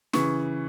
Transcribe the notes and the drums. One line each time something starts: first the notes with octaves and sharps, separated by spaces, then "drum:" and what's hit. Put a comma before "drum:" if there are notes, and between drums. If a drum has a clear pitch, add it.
C#3 E3 C#6, drum: snare